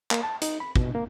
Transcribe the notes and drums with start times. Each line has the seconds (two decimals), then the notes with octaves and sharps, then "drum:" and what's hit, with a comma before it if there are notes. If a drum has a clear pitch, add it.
0.11 A#3, drum: clap
0.23 A5
0.42 D#4, drum: hi-hat
0.60 B5
0.76 B2, drum: kick
0.95 A#3